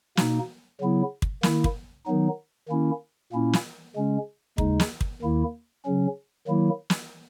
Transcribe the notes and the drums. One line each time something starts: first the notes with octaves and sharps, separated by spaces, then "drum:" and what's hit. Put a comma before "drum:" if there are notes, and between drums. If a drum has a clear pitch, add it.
B2 A#3 D#4, drum: snare
C#3 F#3 B3 E4
drum: kick
D#3 A#3 E4, drum: snare
drum: kick
D#3 F#3 B3 D#4
D#3 A#3 C#4 E4
A#2 A#3 C#4 E4
drum: snare
C#3 G#3 C#4
D#2 C#3 G#3 D#4, drum: kick
drum: snare
drum: kick
D#2 D#3 A#3 E4
C#3 F#3 C#4
D#3 F#3 A#3 E4
drum: snare